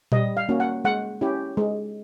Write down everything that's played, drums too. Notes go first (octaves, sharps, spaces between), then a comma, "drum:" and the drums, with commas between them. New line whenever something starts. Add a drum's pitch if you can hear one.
G3 D#5, drum: tom A#2
F5
A#3 C#4 F#4
F#5
G#3 F#5
C#4 E4 G4
G#3